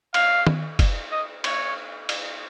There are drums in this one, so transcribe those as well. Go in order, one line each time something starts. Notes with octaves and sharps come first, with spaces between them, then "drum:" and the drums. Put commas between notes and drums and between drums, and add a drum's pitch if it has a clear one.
F5, drum: cymbal
drum: tom
drum: kick, cymbal
D#5
C#5, drum: cymbal
drum: cymbal